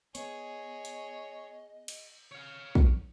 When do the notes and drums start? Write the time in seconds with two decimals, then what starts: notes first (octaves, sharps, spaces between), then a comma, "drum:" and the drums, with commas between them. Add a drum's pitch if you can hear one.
0.15 B3 G#4 C#5 D#5, drum: hi-hat
0.85 drum: hi-hat
1.88 drum: cymbal
2.31 C#5 F5
2.75 drum: kick